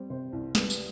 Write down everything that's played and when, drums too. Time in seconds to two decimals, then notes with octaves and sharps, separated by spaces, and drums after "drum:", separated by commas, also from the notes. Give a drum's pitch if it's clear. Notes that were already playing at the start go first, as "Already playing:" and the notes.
Already playing: G3 C4
0.10 C3 C5
0.33 C2
0.55 G3 B4, drum: snare
0.70 drum: tambourine